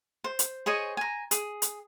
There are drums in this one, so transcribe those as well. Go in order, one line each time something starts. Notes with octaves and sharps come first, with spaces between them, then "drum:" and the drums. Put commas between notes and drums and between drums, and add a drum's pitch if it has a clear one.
C5
drum: hi-hat
G#4 C5 C#5 D#5
G#5 A#5
G#4, drum: hi-hat
drum: hi-hat